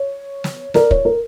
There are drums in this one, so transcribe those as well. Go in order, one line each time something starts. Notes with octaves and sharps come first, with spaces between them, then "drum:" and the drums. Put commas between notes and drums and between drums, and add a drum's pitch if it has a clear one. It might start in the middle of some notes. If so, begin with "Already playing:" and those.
Already playing: C#5
drum: snare
A#4 D5, drum: snare
C#5, drum: kick
A#4